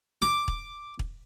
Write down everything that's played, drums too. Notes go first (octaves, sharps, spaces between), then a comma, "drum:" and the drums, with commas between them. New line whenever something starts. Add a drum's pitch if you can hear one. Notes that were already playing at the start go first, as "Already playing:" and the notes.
D6, drum: snare
drum: kick
drum: kick